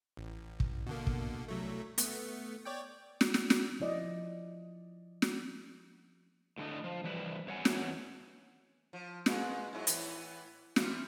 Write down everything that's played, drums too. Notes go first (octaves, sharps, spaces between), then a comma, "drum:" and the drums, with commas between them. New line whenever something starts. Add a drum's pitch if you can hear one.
A1
drum: kick
B2 D3 A#3
drum: kick
C2 F#3 A3
A3 B3, drum: hi-hat
C#5 D5 G5
drum: snare
drum: snare
drum: snare
F3 E4 D5 D#5
drum: snare
A2 D3 D4 D#5
F3
E3 G3 B4
E2 C#5 F#5 G#5
drum: snare
F3
A#2 G#3 B4, drum: snare
G#2 F#3 E4
A2 E3 B3, drum: hi-hat
E3 G3 F4, drum: snare